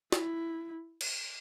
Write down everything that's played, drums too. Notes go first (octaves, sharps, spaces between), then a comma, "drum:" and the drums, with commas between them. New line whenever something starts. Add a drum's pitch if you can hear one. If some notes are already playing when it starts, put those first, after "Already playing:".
E4, drum: snare
drum: cymbal